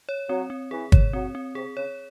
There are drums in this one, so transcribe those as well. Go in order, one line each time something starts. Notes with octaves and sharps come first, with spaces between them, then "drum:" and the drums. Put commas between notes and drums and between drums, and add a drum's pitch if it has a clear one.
C#5
F#3 C4
C4
E3 G#4
C#5, drum: kick
F#3 C4
C4
C3 G#4
C#3 C#5